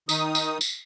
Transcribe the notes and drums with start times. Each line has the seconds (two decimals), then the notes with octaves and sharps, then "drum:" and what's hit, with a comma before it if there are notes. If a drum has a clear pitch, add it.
0.09 D#3 D#4 D#6, drum: tambourine
0.35 drum: tambourine
0.61 drum: tambourine